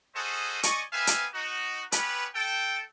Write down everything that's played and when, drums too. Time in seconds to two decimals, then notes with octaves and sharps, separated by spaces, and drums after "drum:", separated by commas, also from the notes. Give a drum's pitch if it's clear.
0.16 C#4 F#4 G#4 A4 C5 D#5
0.63 D5 D#5 G#5 C#6, drum: hi-hat
0.93 B3 C4 B4 E5 F5 G#5
1.07 drum: hi-hat
1.34 D#4 F#4
1.92 B3 C#4 G4 B4, drum: hi-hat
2.35 A4 G5